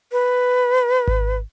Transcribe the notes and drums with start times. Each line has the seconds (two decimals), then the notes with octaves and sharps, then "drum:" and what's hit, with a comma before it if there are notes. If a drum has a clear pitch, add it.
0.12 B4
1.08 drum: kick G#1